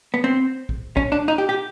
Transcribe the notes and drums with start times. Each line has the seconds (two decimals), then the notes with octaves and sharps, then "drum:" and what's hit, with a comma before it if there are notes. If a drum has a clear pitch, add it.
0.14 B3
0.24 C4
0.69 drum: kick
0.97 C#4, drum: kick
1.12 D4
1.28 D#4
1.38 G4
1.49 G4